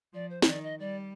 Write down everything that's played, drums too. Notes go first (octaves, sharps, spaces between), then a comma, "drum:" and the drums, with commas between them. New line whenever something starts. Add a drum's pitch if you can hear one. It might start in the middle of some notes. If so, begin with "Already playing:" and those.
F3 D5
C5
D#5, drum: snare
D#3 D5
D#5
G3 D5